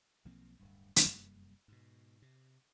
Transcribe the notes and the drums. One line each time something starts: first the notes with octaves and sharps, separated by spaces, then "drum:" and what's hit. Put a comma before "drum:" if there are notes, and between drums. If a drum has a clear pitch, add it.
B1 F3 A#3 C4
D1 G2
drum: hi-hat
F1 F#2 G3 A#3
G#2 B2
C3